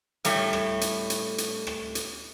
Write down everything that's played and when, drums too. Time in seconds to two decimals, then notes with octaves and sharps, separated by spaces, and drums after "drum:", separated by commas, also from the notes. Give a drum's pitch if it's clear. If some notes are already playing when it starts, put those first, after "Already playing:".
0.25 A2 G3 A3 C#5, drum: hi-hat
0.53 drum: rim click
0.81 drum: hi-hat
1.10 drum: hi-hat
1.38 drum: hi-hat
1.67 drum: rim click
1.95 drum: hi-hat